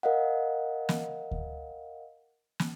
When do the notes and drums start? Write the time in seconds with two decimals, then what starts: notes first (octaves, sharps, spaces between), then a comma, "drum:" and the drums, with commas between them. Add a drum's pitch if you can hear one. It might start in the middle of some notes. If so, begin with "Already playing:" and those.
0.03 A#4 D#5 F5 F#5
0.89 drum: snare
1.31 drum: kick D2
2.60 drum: snare